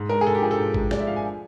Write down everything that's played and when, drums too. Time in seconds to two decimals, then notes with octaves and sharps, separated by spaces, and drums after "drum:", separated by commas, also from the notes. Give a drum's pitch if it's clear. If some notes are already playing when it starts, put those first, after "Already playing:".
Already playing: G#2
0.09 G#3 A#4
0.21 G#4
0.26 G#2 A4
0.35 G4
0.42 F3 G#4
0.51 A4
0.59 G#2
0.74 G#3, drum: kick G#1
0.91 G#2 D5, drum: snare
0.99 E5
1.07 F3 F5
1.16 G#5